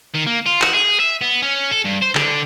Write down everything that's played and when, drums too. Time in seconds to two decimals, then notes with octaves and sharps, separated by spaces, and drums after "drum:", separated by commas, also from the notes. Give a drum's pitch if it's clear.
0.15 D#3
0.27 A#3
0.46 F4
0.62 F#4, drum: clap
0.74 G#4
0.99 E5
1.21 B3
1.42 C#4
1.71 A4
1.85 G2
2.02 C5
2.15 D3, drum: clap